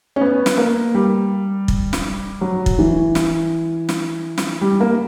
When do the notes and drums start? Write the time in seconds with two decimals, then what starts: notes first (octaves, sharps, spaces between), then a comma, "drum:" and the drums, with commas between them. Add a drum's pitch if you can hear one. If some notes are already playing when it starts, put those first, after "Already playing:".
0.16 C#4
0.21 B3
0.46 drum: snare
0.58 A#3
0.95 G3
1.68 drum: kick
1.93 drum: snare
2.41 F#3
2.66 drum: kick
2.79 E3
3.15 drum: snare
3.89 drum: snare
4.38 drum: snare
4.61 G3
4.80 A#3